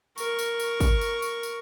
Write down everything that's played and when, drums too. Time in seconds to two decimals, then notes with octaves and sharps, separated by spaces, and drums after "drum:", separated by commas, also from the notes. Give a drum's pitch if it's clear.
0.18 A#4 C#6, drum: tambourine
0.39 drum: tambourine
0.60 drum: tambourine
0.80 drum: kick, tambourine
1.01 drum: tambourine
1.22 drum: tambourine
1.43 drum: tambourine